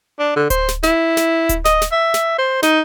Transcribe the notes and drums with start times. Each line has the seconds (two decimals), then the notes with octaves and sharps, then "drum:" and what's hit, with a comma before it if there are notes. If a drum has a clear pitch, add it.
0.19 D4
0.36 D3
0.50 C5, drum: kick D1, hi-hat
0.68 drum: snare
0.83 E4, drum: snare
1.17 drum: snare
1.49 drum: kick D1, hi-hat
1.65 D#5, drum: snare
1.82 drum: snare
1.92 E5
2.14 drum: snare
2.38 C5
2.63 D#4, drum: snare